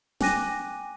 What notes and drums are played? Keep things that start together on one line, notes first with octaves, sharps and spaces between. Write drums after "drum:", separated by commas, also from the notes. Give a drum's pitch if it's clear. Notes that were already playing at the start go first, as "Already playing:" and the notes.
G5 G#5 D6 F#6 A#6 D#7, drum: snare